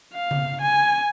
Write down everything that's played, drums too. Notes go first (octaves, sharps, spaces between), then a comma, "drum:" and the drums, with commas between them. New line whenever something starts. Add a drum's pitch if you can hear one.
F5
drum: tom C#3
G#5